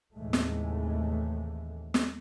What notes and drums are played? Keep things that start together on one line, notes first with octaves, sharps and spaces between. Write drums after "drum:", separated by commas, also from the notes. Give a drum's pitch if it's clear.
D#2 A2 C3 E3 G#3 A3
drum: snare
drum: snare